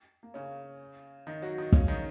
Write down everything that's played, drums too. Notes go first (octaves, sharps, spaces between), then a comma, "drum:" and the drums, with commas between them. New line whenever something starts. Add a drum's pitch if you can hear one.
A#3
C#3 C#4
D#3 D#4
F#3 F#4
D#3 D#4
C#3 C#4, drum: kick
D#3 D#4